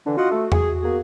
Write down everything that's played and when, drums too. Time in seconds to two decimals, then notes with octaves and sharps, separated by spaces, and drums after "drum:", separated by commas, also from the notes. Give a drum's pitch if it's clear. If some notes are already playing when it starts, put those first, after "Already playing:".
0.06 D3 E3 D4
0.17 F4 F#4 D#5 F#5
0.30 A3 A4
0.52 G#4, drum: tom E2
0.82 A#3 B3 G#4